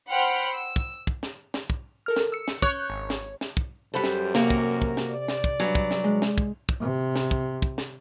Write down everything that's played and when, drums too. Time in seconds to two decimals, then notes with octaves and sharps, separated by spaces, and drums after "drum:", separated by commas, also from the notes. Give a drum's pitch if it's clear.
0.10 C5 F#5 G5 B5 C6 F6
0.55 E6
0.76 drum: kick
1.07 drum: kick
1.23 drum: snare
1.54 drum: snare
1.70 drum: kick
2.06 A4 A#4 F6
2.16 drum: snare
2.32 E6 C#7
2.48 drum: snare
2.62 C#5 F#6 G6, drum: kick
2.90 G#1
3.10 drum: snare
3.41 drum: snare
3.57 drum: kick
3.94 F#2 G3 A4 C5 F#5 B5
4.04 drum: snare
4.35 C3 A#3 F#4 G4 A#4, drum: snare
4.50 drum: kick
4.82 drum: kick
4.97 drum: snare
5.11 D5
5.28 drum: snare
5.44 drum: kick
5.60 G2 F#3 G#5
5.75 drum: kick
5.91 drum: snare
6.04 G#3
6.22 drum: snare
6.38 drum: kick
6.69 drum: kick
6.80 C3
7.16 drum: snare
7.31 drum: kick
7.62 drum: kick
7.78 drum: snare